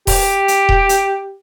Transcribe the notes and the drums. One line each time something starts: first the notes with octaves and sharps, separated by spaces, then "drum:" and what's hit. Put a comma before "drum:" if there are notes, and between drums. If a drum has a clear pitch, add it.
G4, drum: kick D#1, open hi-hat
drum: hi-hat
drum: kick D#1
drum: hi-hat